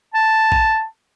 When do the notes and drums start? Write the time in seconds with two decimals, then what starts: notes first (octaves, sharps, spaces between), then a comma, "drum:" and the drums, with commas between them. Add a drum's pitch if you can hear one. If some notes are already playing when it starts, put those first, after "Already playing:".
0.14 A5
0.52 drum: kick